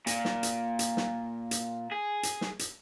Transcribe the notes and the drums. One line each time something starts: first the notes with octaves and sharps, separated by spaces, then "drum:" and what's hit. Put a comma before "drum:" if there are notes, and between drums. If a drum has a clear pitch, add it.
A#2, drum: hi-hat
drum: snare
drum: hi-hat
drum: hi-hat
drum: snare
drum: hi-hat
G#4
drum: hi-hat
drum: snare
drum: hi-hat